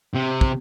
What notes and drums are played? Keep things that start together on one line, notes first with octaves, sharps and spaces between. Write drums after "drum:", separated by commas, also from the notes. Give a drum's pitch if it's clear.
C3
drum: kick